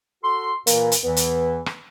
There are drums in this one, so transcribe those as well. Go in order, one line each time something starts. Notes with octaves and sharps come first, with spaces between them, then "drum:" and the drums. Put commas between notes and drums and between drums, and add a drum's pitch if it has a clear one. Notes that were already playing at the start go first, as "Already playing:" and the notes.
F#4 A4 C6
A#2 E3 A#3, drum: hi-hat
drum: hi-hat
E2 E3 B3
drum: hi-hat
drum: rim click